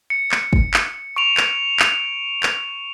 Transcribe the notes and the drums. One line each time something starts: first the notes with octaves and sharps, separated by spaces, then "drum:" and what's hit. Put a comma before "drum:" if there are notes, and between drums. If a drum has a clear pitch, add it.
C#7
drum: clap
drum: kick
drum: clap
C#6 D7 F7
drum: clap
drum: clap
drum: clap